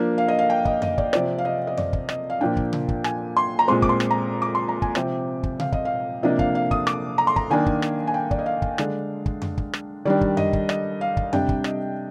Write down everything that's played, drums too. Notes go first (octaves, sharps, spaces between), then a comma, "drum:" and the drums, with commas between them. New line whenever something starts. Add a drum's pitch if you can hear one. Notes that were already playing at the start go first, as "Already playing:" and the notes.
Already playing: F3 A#3 D4
F5
D#5
F5
G5
D#5, drum: kick
D#5, drum: tom F2
D5, drum: kick
C3 F3 C4 D5, drum: rim click
F5
D#5
D#5
D5, drum: tom F2
drum: kick
D#5, drum: rim click
F5
A#2 F3 A#3 D4 G5
drum: kick
drum: tom C3
drum: kick
G#5, drum: rim click
C6
A#5
A#2 G#3 C4 C6
D6, drum: kick
C6
drum: rim click
A#5
D6
C6
A#5
G#5, drum: kick
C3 F3 C4 G5, drum: rim click
drum: kick
F5, drum: tom C3
D#5, drum: kick
F5
C3 F3 A#3 D4 D#5
F5, drum: kick
F5
D#6, drum: kick
D6, drum: rim click
A#5
C6
A#5, drum: kick
D#3 A#3 D4 G#5
drum: kick
drum: rim click
G#5
G5
D5, drum: kick
D#5
F5
drum: kick
D3 G#3 D4, drum: rim click
drum: kick
drum: tom F2
drum: kick
drum: rim click
D#3 G3 D4 D5
drum: kick
D#5, drum: tom F2
drum: kick
D#5, drum: rim click
F5
drum: kick
C3 G3 D4 G5, drum: tom F2
drum: kick
D#5, drum: rim click